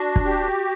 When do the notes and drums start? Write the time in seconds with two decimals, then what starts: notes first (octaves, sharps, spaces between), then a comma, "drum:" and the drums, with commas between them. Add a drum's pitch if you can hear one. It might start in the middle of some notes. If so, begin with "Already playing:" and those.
Already playing: D4 F#4
0.16 drum: kick
0.25 G4